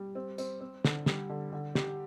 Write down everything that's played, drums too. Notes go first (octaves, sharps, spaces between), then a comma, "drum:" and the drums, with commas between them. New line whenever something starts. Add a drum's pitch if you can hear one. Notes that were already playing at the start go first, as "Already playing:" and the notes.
Already playing: G3
C4
C4, drum: tambourine
C4
D3, drum: snare
G3, drum: snare
D3
D3
G4, drum: snare